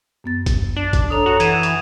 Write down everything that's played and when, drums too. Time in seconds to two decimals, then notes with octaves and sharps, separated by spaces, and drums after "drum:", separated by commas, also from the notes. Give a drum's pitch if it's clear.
0.24 F#2 B3 A6
0.46 drum: kick, hi-hat
0.76 D4
0.93 drum: kick, hi-hat
1.10 A4 C#5 A#5 D#6 F7
1.26 F#4
1.40 E3 E5 F#5 G#6 D#7 E7, drum: hi-hat
1.63 drum: hi-hat